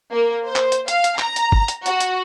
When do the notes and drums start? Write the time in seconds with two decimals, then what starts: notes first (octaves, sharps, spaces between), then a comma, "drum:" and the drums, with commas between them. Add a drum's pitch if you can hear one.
0.12 A#3
0.46 C5
0.56 drum: clap
0.72 drum: hi-hat
0.88 F5, drum: hi-hat
1.04 drum: hi-hat
1.19 A#5, drum: clap
1.36 drum: hi-hat
1.52 drum: kick G1
1.68 drum: hi-hat
1.86 F#4, drum: hi-hat
2.00 drum: hi-hat